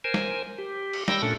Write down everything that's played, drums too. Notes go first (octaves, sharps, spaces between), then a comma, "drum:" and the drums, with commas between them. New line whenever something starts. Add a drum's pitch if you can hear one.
A#4 C5 G#5
drum: snare
G4
drum: cymbal
G3 G5 E6 A#6, drum: snare
A#2 A3 C#4 D4 A4